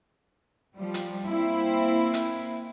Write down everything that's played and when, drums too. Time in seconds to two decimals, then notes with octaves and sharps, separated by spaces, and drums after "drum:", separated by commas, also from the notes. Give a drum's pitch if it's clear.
0.76 F3 G3
0.94 drum: hi-hat
1.27 A#3 C4 E4
2.14 drum: hi-hat